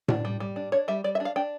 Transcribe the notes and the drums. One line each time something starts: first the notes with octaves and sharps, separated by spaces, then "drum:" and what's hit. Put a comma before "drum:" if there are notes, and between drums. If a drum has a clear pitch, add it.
D4, drum: tom A2
G3
G3
D4
D4 C#5
G3 E5
G3 D5
E5
D4
F5
D4 G5